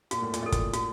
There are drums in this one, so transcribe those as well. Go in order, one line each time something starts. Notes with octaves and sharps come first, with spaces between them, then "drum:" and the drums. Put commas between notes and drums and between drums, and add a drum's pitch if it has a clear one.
A#2 F#4, drum: hi-hat
A2
A#2, drum: hi-hat
A4 D#5
drum: kick, hi-hat
F#4, drum: hi-hat